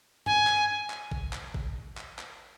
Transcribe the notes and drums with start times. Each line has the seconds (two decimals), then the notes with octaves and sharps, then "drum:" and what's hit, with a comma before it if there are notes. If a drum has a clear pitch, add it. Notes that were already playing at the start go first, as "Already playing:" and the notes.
0.26 G#5, drum: tom G2
0.47 drum: clap
0.90 drum: clap
1.11 drum: kick G#1
1.33 drum: clap
1.54 drum: kick G#1
1.97 drum: clap
2.19 drum: clap